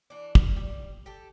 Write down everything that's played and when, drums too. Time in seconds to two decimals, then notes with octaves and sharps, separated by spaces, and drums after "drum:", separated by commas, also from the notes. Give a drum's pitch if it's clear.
0.10 E3 D4
0.35 A#4, drum: kick
0.56 G3
1.06 G4 A4